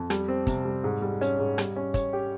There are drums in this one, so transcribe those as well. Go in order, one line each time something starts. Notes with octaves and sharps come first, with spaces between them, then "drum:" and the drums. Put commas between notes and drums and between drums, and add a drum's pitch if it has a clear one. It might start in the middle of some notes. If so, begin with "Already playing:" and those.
Already playing: F2
G3, drum: rim click
C4
C3, drum: kick, hi-hat
G3
G#2
G3
C#4, drum: hi-hat
G#2
G3, drum: rim click
C#4
C#5, drum: kick, hi-hat
G4